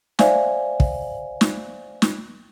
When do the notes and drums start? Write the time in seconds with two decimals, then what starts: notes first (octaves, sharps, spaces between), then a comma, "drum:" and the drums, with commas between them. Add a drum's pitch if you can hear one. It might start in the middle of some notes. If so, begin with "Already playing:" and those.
0.19 C5 D5 E5 F5 G#5, drum: snare
0.80 drum: kick
1.41 drum: snare
2.02 drum: snare